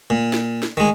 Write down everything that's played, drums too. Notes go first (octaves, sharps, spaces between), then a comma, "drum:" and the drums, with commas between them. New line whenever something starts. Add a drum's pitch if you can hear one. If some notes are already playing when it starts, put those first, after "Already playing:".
A#2
drum: snare
drum: snare
D#3 G#3